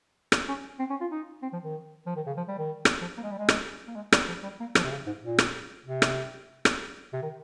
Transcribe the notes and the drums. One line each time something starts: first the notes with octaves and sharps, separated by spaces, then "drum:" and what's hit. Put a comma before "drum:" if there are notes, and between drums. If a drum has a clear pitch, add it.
drum: rim click
C#4
C4
C#4
F4
D#4
C4
F3
D#3
F3
D#3
C#3
F3
G3
D#3
drum: rim click
F3
A#3
G#3
G3
G#3
drum: rim click
A#3
G#3
G3, drum: rim click
F3
G3
A#3
F3, drum: rim click
C3
C#3
G#2
A#2
drum: rim click
C3
drum: rim click
drum: rim click
C3
D#3